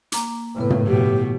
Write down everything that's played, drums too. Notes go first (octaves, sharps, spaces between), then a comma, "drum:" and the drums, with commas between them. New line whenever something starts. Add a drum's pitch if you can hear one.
A#3 A#5 D6, drum: hi-hat
A2 C#3 B3 B4
drum: tom
B2 F3 G4